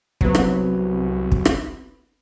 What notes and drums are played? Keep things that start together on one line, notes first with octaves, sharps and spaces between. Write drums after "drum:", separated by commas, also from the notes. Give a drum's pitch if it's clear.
C2 F#3 B3 C4, drum: kick
drum: rim click
drum: kick
drum: rim click